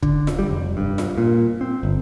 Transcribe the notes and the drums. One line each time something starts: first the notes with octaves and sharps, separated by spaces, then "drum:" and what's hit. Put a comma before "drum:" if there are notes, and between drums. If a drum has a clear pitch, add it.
D3, drum: kick
drum: snare F4
G3
F1
G2
drum: snare F4
A#2
C4
G1